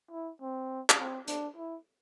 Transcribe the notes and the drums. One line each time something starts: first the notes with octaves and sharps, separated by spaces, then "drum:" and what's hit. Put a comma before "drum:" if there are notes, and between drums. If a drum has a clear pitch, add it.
E4
C4
drum: clap
C4
D4, drum: hi-hat
E4